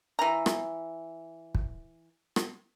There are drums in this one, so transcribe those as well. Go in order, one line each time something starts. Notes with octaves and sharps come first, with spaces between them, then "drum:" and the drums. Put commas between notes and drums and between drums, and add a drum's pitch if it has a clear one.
E3 A#5
drum: rim click
drum: kick
drum: rim click